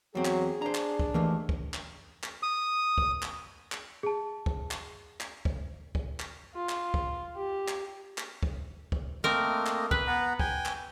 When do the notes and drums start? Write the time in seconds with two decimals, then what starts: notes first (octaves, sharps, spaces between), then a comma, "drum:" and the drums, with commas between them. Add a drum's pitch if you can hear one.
0.15 E2 F#3 C4 G#4
0.25 drum: clap
0.62 D4 C5 A#5
0.75 drum: clap
0.99 drum: kick
1.14 D#2 E3 A3 A#3
1.49 drum: kick
1.74 drum: clap
2.23 drum: clap
2.43 D#6
2.98 drum: kick
3.22 drum: clap
3.72 drum: clap
4.03 G#4 A5
4.46 drum: kick
4.71 drum: clap
5.21 drum: clap
5.45 drum: kick
5.95 drum: kick
6.20 drum: clap
6.54 F4
6.69 drum: clap
6.94 drum: kick
7.35 G4
7.68 drum: clap
8.18 drum: clap
8.43 drum: kick
8.92 drum: kick
9.24 A3 A#3 C4 A#4 D#5
9.66 drum: clap
9.91 B4, drum: kick
10.07 B3 F#5 A#5
10.39 G5 G#5, drum: kick
10.65 drum: clap